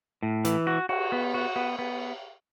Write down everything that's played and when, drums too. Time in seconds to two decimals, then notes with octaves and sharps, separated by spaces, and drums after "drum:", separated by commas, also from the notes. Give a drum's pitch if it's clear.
0.23 A2
0.45 E3, drum: hi-hat
0.67 F#4
0.89 F#4, drum: cymbal
1.12 B3
1.34 F#4
1.56 B3
1.79 B3